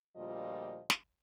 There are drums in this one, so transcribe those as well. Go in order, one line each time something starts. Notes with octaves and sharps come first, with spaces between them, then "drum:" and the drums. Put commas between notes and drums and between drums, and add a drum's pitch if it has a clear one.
D2 A#2 F3 G3 D#5
drum: snare